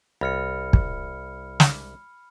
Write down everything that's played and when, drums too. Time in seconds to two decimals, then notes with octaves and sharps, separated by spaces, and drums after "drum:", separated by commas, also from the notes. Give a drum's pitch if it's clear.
0.21 C2 B5 F6 C#7
0.73 drum: kick
1.60 drum: snare